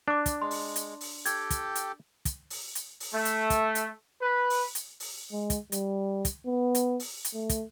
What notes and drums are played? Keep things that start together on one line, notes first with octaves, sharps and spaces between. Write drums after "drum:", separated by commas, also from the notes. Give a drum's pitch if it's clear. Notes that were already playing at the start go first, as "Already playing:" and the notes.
D4 D6 F#6
drum: kick, hi-hat
G#3 C6
drum: open hi-hat
drum: hi-hat
drum: open hi-hat
G4 A4 G5 G#6, drum: hi-hat
drum: kick, hi-hat
drum: hi-hat
drum: kick, hi-hat
drum: open hi-hat
drum: hi-hat
drum: open hi-hat
A3
drum: hi-hat
drum: kick, hi-hat
drum: hi-hat
B4
drum: open hi-hat
drum: hi-hat
drum: open hi-hat
G#3
drum: kick, hi-hat
G3, drum: hi-hat
drum: kick, hi-hat
B3
drum: hi-hat
drum: open hi-hat
drum: hi-hat
A3
drum: kick, hi-hat